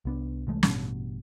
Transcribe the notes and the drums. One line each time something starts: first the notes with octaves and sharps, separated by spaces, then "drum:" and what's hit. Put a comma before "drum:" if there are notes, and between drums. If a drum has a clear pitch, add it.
C2 B3 D4
C2 E3 G#3 A3
A1 G2 B2, drum: snare